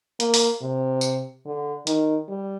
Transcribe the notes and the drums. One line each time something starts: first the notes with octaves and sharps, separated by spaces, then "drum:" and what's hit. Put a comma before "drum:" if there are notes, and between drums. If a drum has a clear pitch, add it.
A#3, drum: hi-hat
drum: open hi-hat
C3
drum: tambourine
D3
D#3, drum: hi-hat
G3